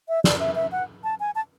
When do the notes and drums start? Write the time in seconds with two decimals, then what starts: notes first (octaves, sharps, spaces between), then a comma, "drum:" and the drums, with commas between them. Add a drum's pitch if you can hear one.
0.09 E5
0.24 D5, drum: snare
0.40 E5
0.55 E5
0.72 F#5
1.04 A5
1.20 G#5
1.35 A5